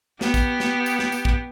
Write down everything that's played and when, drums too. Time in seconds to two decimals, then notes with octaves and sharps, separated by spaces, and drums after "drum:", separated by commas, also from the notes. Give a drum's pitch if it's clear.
0.21 B3 G4, drum: snare
0.34 drum: kick, tambourine
0.60 drum: snare
0.86 drum: tambourine
0.99 drum: snare
1.12 drum: tambourine
1.25 drum: kick